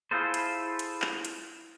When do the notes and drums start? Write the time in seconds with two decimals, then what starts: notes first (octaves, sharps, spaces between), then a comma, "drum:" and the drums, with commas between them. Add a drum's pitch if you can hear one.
0.11 E4 F4 G#4 A4 C5
0.34 drum: hi-hat
0.79 drum: hi-hat
1.02 drum: clap
1.25 drum: hi-hat